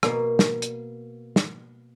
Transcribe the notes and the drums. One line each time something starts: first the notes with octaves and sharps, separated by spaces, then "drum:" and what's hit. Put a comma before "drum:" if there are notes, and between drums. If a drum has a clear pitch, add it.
B2 A#3, drum: rim click
drum: snare
drum: hi-hat
drum: snare